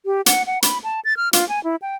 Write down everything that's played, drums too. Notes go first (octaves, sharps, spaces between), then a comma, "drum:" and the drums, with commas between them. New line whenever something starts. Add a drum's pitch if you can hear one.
G4
F#5, drum: hi-hat
F#5
B5, drum: hi-hat
A5
A6
F6
F4, drum: hi-hat
G#5
E4
G5